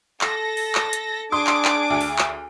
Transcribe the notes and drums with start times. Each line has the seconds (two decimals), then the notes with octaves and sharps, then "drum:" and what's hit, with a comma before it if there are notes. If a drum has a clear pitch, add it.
0.21 A4 A#6, drum: clap
0.57 drum: open hi-hat
0.75 drum: clap
0.93 drum: hi-hat
1.32 D4 G#4 C6 D6 D#6
1.47 drum: clap
1.65 drum: clap
1.90 D2 D7
2.01 drum: open hi-hat
2.19 drum: clap